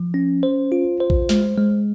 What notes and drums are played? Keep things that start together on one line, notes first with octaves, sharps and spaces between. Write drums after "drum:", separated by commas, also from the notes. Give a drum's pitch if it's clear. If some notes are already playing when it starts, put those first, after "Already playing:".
Already playing: F3
C#4
C5
F4
C5
drum: kick A#1
G#3, drum: snare
G#3